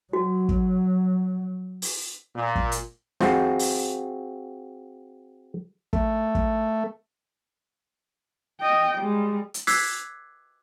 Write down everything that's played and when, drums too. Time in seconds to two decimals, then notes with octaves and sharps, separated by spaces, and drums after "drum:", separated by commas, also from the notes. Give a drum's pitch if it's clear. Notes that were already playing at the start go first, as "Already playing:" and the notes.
0.13 F#3 F#4
0.49 drum: kick
1.82 drum: open hi-hat
2.35 A#2
2.55 drum: kick
2.72 drum: hi-hat
3.20 C4 F4 F#4 G#4 C5, drum: snare
3.59 drum: open hi-hat
5.93 A3, drum: kick
6.35 drum: kick
8.61 D#5 G5
8.98 G3 G#3
9.54 drum: hi-hat
9.67 D6 E6 F#6 G#6 B6 C7, drum: open hi-hat